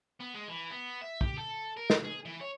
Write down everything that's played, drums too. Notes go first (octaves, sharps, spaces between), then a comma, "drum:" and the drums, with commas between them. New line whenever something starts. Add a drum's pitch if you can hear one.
B3
G#3
E3
B3
E5
G4, drum: kick
A4
A#4
drum: snare
G#4
E3
C#5